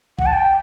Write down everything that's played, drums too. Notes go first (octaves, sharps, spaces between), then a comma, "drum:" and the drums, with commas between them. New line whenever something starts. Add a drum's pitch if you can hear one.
F#5, drum: kick A#1
A5
G5